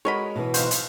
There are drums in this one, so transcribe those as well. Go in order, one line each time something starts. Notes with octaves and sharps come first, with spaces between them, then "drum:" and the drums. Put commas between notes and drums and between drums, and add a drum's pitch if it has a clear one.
G#3 F#4 A#4 C#5 D#5 B5
B2 E3
B1 F4 F#4 C5 C6 G6, drum: hi-hat
drum: hi-hat